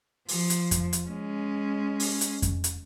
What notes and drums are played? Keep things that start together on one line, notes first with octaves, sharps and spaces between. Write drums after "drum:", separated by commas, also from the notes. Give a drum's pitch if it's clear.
F3, drum: open hi-hat
drum: hi-hat
drum: kick F2, hi-hat
drum: hi-hat
G#3 C#4
drum: open hi-hat
drum: hi-hat
drum: kick F2, hi-hat
drum: hi-hat